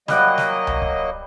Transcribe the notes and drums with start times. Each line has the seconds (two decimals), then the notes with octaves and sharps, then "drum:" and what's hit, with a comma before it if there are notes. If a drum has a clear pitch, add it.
0.08 F#3 G3 A#3 D#5 F#5 G5, drum: snare
0.38 drum: snare
0.67 drum: tom C2
0.82 drum: kick C#1